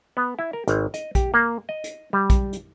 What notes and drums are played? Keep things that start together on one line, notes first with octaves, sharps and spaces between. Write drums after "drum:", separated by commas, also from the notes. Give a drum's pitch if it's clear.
B3
E4
A#4
G#1, drum: hi-hat
D#5, drum: hi-hat
G4, drum: kick A#1, hi-hat
A#3
D#5
drum: hi-hat
G3
drum: kick A#1, hi-hat
drum: hi-hat